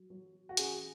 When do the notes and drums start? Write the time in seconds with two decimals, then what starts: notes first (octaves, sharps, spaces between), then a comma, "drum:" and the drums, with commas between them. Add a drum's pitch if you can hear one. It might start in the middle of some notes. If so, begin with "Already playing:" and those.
Already playing: F#3
0.10 F#3
0.49 F#4
0.57 C#4 G#4, drum: hi-hat